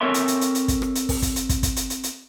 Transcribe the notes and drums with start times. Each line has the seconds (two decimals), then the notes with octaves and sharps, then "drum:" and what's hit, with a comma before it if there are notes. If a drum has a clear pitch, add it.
0.01 C4 A4 A#4 C#5 E5 C6
0.14 drum: hi-hat
0.28 drum: hi-hat
0.41 drum: hi-hat
0.55 drum: hi-hat
0.68 drum: kick, hi-hat
0.82 drum: rim click
0.95 drum: hi-hat
1.09 drum: kick, open hi-hat
1.22 drum: kick, hi-hat
1.36 drum: hi-hat
1.49 drum: kick, hi-hat
1.63 drum: kick, hi-hat
1.76 drum: hi-hat
1.90 drum: hi-hat
2.03 drum: hi-hat